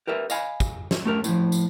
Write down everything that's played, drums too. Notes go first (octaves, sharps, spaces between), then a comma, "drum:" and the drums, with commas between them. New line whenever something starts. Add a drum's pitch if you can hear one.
G4 A#4 B4 E5
D#5 F5 G#5 B5, drum: tambourine
drum: kick, tambourine
drum: snare
A3 G4 A#4
A2 F3, drum: tambourine
drum: tambourine